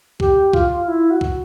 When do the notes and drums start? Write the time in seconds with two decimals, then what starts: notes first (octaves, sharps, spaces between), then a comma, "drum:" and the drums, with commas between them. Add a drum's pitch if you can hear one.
0.20 G4, drum: kick
0.53 F4, drum: kick
0.88 E4
1.10 F#4
1.21 drum: kick